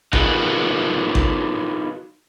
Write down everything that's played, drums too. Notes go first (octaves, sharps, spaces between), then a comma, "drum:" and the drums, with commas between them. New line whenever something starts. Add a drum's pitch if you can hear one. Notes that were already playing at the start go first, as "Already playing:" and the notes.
D#4 F4 F#4 G#4 A#4 B4, drum: kick G#1
drum: kick G#1